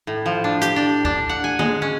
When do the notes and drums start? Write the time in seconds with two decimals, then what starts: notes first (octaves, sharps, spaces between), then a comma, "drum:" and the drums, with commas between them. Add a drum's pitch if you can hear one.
0.07 A2
0.26 F3
0.44 D4
0.61 G4, drum: hi-hat
0.76 D4
1.05 D4, drum: kick
1.29 F#5
1.44 G#5
1.59 G#3, drum: tom D3
1.82 C#4